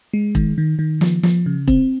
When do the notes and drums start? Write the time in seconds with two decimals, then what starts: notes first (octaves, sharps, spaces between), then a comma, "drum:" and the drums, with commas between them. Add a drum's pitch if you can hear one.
0.13 G#3
0.35 D#3, drum: kick E1
0.58 D#3
0.79 D#3
1.01 F3, drum: snare
1.23 F3, drum: snare
1.46 C#3
1.68 C4, drum: kick E1